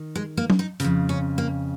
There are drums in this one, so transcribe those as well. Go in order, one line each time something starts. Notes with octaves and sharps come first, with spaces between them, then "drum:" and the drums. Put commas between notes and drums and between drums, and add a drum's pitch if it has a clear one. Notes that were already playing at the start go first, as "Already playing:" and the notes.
Already playing: D#3
G#3
A#3
drum: tom F#3
D#4
F2 C#3, drum: hi-hat
C#4
A#3